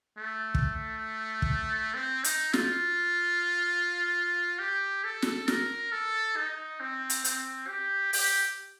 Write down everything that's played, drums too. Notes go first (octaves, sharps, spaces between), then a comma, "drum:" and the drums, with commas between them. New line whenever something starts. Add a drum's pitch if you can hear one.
A3
drum: kick
drum: kick
C4
D#4, drum: hi-hat
F4, drum: snare
G4
A4
drum: snare
A#4, drum: snare
A4
D#4
C4
drum: hi-hat
C4, drum: hi-hat
G4
G4, drum: open hi-hat